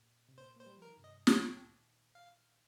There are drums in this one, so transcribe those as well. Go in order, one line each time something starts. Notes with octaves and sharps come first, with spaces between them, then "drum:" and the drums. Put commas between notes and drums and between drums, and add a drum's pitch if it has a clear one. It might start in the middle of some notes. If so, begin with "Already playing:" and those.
Already playing: A#2
C3
A#2 C5
A#3 C5
G3
F3
A#4
D#3
G2 C3
D#5
A#2 D#3 G5, drum: snare
F5